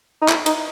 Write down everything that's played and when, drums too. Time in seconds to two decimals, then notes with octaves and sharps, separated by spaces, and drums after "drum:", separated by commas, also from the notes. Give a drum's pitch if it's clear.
0.22 D#4
0.28 E4, drum: clap
0.46 D#4, drum: cymbal